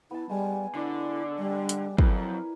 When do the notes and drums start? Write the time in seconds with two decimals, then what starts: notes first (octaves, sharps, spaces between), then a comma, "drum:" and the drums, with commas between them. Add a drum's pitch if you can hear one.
0.11 B3 E4 A5
0.29 G3 G#3 F#5 G#5
0.75 D3 E4 D5 C#6
1.38 G3
1.69 drum: hi-hat
1.98 F2 F#3 E4 A#4 B4, drum: kick